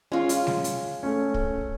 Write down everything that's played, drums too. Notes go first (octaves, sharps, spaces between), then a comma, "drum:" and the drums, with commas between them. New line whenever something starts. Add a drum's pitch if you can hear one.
G#3 C#4 F4
drum: hi-hat
drum: snare G3
drum: hi-hat
A3 C#4
drum: kick